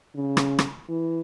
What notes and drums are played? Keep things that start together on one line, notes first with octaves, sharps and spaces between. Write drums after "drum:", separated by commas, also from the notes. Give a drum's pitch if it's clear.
C#3
drum: rim click
drum: rim click
E3